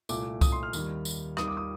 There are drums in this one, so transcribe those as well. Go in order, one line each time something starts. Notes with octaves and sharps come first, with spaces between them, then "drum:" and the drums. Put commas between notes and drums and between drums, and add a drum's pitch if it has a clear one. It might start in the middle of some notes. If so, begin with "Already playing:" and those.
C2 A#2 A3 D6, drum: tambourine
D#6, drum: kick C2, tambourine
C6
F6
D#2 D#3 G3, drum: tambourine
drum: tambourine
D#2 D#3 G3 D#6, drum: rim click
D6
D#6